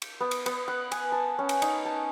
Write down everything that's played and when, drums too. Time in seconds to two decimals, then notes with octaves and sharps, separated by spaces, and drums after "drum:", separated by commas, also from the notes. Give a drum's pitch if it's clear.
0.02 drum: cymbal
0.21 B3
0.31 drum: cymbal
0.46 B3, drum: cymbal
0.68 F#5
0.92 G#5, drum: cymbal
1.12 A5
1.39 C#4
1.49 drum: cymbal
1.62 D#4, drum: cymbal
1.85 A5